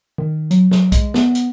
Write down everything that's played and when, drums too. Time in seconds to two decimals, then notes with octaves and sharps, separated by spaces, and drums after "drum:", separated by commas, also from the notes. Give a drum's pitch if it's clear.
0.18 D#3
0.51 F#3, drum: hi-hat
0.71 F#3, drum: snare
0.92 G#3, drum: kick B1, hi-hat
1.14 B3, drum: snare
1.35 drum: hi-hat